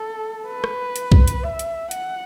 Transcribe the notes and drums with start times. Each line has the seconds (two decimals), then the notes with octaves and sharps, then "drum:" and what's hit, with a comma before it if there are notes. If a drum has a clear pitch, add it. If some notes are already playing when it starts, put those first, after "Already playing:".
Already playing: A4
0.47 B4
0.64 drum: rim click
0.96 drum: hi-hat
1.12 drum: kick
1.27 drum: hi-hat
1.43 E5
1.59 drum: hi-hat
1.91 F#5, drum: hi-hat